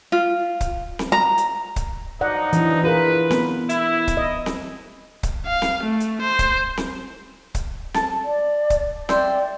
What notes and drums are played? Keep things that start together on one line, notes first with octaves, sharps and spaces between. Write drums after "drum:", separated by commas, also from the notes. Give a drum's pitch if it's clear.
F4
drum: kick C#1, hi-hat
drum: snare C4
A#5
drum: hi-hat
drum: kick C#1, hi-hat
F3 F#3 D#4 D5 F#5
E3 D4, drum: hi-hat
F4 G#4 A#4 B4
B3, drum: snare C4
E4, drum: hi-hat
drum: kick C#1, hi-hat
D#5
drum: snare C4
drum: kick C#1, hi-hat
F5
drum: snare C4
A3
drum: hi-hat
C5
drum: kick C#1, hi-hat
drum: snare C4
drum: kick C#1, hi-hat
A4 A5, drum: snare C4
D5
drum: kick C#1, hi-hat
D5 E5 G5 C6, drum: snare C4